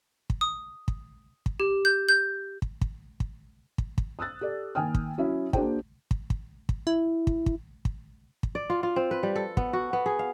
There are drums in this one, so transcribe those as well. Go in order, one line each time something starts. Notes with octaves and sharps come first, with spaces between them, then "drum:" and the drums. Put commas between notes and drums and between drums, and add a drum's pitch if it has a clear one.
drum: kick
D#6
drum: kick
drum: kick
G4
G6
G6
drum: kick
drum: kick
drum: kick
drum: kick
drum: kick
D#6 E6 F#6 A6
G4 A4 D5
D#3 A#3 G5 G#5 D#6 F6
drum: kick
F#3 C#4 E4 F#4
A#3 D4 F#4 G#4 C5 G5, drum: kick
drum: kick
drum: kick
drum: kick
E4
drum: kick
drum: kick
drum: kick
drum: kick
D5
F4
F4
C4
B4
G3
A4
B3, drum: kick
F#4
B3
G#4
F5